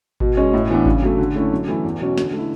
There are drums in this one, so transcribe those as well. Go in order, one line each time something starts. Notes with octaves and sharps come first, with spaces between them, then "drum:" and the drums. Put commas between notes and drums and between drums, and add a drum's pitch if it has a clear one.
B2, drum: kick G#1
G#3 C#4
A2
E3 B3 D4
C#3, drum: kick G#1
F#3 A3
D3
A3 C#4 E4
F#2
E3 A3 E4
E2
B2 F#3 C#4
D3, drum: snare
A3 E4